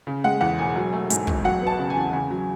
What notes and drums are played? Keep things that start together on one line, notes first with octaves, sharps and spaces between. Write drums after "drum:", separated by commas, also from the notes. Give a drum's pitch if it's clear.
C#3
G#3 F#5
E2 F#5
E1 G#5
F#3
A3
G#2, drum: hi-hat
G#1, drum: kick
F#3 F#5
B3
A5
C#3
G#5
E2
C#3 G#5
F#3